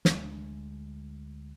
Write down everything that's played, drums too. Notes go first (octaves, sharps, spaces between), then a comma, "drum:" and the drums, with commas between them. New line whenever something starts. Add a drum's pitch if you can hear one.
D2 G#3 D4, drum: snare